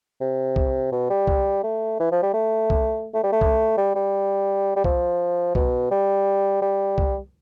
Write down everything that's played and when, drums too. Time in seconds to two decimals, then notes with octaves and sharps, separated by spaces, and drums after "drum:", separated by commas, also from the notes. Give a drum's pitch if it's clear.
0.21 C3
0.56 drum: kick C2
0.92 B2
1.10 G3
1.27 drum: kick C2
1.63 A3
2.00 E3
2.12 F3
2.23 G3
2.34 A3
2.70 drum: kick C2
3.14 A3
3.23 G3
3.32 A3
3.41 drum: kick C2
3.78 G3
3.95 G3
4.76 G3
4.84 F3, drum: kick C2
5.55 B2, drum: kick C2
5.91 G3
6.62 G3
6.98 drum: kick C2